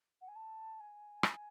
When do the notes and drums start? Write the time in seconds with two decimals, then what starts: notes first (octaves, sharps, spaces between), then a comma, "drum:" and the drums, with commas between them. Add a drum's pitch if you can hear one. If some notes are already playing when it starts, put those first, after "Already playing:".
0.21 F#5
0.28 G#5
0.35 A5
0.80 G#5
1.23 drum: rim click